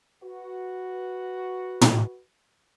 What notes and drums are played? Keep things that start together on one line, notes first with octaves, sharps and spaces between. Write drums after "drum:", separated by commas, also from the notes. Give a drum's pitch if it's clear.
F#4 B4
drum: tom